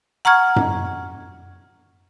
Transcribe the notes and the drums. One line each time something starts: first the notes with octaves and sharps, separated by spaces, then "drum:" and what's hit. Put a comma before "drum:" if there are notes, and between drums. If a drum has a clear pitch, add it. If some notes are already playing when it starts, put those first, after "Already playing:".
F#5 A#5 C#6 F6 G#6
drum: tom F#2